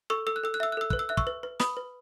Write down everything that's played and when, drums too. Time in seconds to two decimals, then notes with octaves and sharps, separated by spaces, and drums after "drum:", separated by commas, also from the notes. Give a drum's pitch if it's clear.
0.10 A4 C#6 E6
0.27 A4 E6
0.36 F#6
0.44 A4 E6
0.54 F#6
0.60 E5 E6
0.72 F#6
0.77 A4 E6
0.90 B4 F#6, drum: kick
0.99 E6
1.09 E5 F#6
1.17 C#6 E6, drum: kick
1.27 B4
1.43 B4
1.60 B4 B5 D#6, drum: snare
1.77 B4